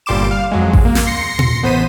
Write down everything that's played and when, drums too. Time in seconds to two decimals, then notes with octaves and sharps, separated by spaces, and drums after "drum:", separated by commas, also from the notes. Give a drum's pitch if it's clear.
0.06 G1 A#2 G3 C6 D6 E7
0.31 F5
0.52 F2 F#3 G#3
0.73 drum: kick A1
0.85 A#3
0.95 drum: snare
1.06 C6 A#6 C7 C#7
1.39 drum: tom A#2
1.63 A1 B3 C5 B6 D#7